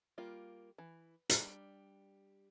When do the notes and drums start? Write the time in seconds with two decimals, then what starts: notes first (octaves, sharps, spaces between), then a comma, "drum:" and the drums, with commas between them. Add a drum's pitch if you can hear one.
0.18 G3 A#3 F4
0.78 E3
1.29 G3 D4 A5 A#5, drum: hi-hat